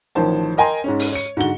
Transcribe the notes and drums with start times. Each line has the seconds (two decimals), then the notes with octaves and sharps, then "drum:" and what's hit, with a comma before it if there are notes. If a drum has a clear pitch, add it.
0.15 A1 D#3 F3 C5 A5
0.57 A#4 D#5 G5 G#5 A#5 C6
0.84 G#2 G#3 C#4
0.99 drum: open hi-hat
1.13 C#5 C#7
1.37 G#2 D3 F#4 G7